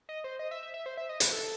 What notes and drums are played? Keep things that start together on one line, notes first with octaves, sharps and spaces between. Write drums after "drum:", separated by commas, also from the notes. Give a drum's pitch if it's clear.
D#5
C5
D#5
E5
E5
E5
C5
E5
D#5
B4, drum: hi-hat
A4